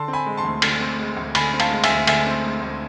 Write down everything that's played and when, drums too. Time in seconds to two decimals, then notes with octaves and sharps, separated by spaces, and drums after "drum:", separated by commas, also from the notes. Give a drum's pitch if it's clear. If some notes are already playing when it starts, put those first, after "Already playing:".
Already playing: D3 A5 C6
0.08 C4
0.13 G#5 B5
0.26 G#3
0.37 A5 C6
0.44 D2
0.62 D3, drum: cymbal
0.80 C4
0.99 G#3
1.17 D2
1.35 D3 G#5 B5, drum: cymbal
1.53 C4
1.60 F5 A5, drum: cymbal
1.71 G#3
1.84 E5 G#5, drum: cymbal
1.90 D2
2.07 D3 E5 G#5, drum: cymbal
2.26 C4
2.44 G#3
2.62 D2